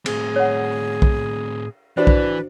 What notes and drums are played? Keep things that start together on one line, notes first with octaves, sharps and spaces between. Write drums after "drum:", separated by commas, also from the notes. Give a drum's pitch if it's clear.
A2 C4 G#4, drum: cymbal
C#5 F#5
drum: kick B1
E3 D4 F#4 B4 C5 D5
drum: kick B1